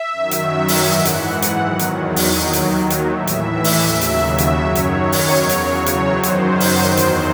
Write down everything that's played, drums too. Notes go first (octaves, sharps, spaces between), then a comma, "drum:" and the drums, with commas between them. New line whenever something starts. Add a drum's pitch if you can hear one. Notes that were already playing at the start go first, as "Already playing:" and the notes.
Already playing: E5
F#2 D#3 F#3
drum: hi-hat
drum: open hi-hat
G#2 E3 F#5
drum: hi-hat
drum: hi-hat
E2 D#3 F#3
drum: hi-hat
drum: open hi-hat
D#2 D#3 F#3
drum: hi-hat
drum: hi-hat
A2 E3 E5
drum: hi-hat
drum: open hi-hat
D#2 C#3 F#3
drum: hi-hat
drum: hi-hat
F#2 D#3 F#3 C#5
drum: hi-hat
drum: open hi-hat
E2 C#3 F#3
drum: hi-hat
drum: hi-hat
F#2 D#3 F#3 C5
drum: hi-hat
drum: open hi-hat
E2 D#3 F#3
drum: hi-hat